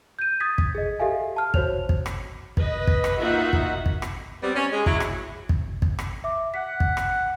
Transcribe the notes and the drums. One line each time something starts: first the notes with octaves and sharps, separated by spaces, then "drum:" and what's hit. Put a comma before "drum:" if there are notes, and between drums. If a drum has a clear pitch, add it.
G6 D#7
D#6 G#6 A6 B6
drum: kick
G#4 D#5
G4 A4 E5 F5 G#5
A5 F6
F#4 C5 C#5 F7, drum: kick
drum: kick
drum: rim click
B4 D#5, drum: kick
drum: kick
drum: rim click
A#3 D#4 F4 F#4 E5 F#5
drum: kick
drum: kick
drum: rim click
G3 B3 C4
C#4
G#3
F#3 E4, drum: kick
drum: rim click
drum: kick
drum: kick
drum: rim click
E5 D6
F#5 B6
drum: kick
drum: rim click